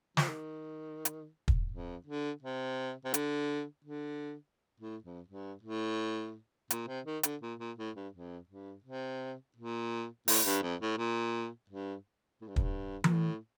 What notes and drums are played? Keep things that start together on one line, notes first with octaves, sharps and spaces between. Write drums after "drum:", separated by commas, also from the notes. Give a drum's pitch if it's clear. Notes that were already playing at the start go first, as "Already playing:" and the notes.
F3, drum: snare
D#3
drum: hi-hat
drum: kick
F2
D3
C3
C3
D3, drum: hi-hat
D3
A2
F2
G2
A2
A#2, drum: hi-hat
C3
D#3
D3, drum: hi-hat
A#2
A#2
A2
G2
F2
G2
C3
A#2
A2, drum: open hi-hat
G2
F2
A2
A#2
G2
A2
G2
F2, drum: kick
G2
A#2, drum: tom E3
A2